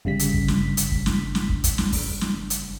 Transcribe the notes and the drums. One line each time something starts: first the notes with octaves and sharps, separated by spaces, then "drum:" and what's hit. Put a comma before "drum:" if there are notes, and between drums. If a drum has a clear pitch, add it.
G1 C#3 G3 B6
drum: hi-hat
drum: kick
drum: snare
drum: hi-hat
drum: kick
drum: snare
drum: snare
drum: kick
drum: kick, hi-hat
drum: snare
drum: kick, open hi-hat
drum: snare
drum: hi-hat